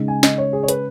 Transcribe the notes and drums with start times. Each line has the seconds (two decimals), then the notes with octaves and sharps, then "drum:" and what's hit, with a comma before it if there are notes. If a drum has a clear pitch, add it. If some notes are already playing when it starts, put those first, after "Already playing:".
Already playing: C#3 G#3 D#4
0.08 G#5
0.23 D#5, drum: snare
0.38 C#5
0.53 G#4
0.63 C#5
0.68 B4, drum: hi-hat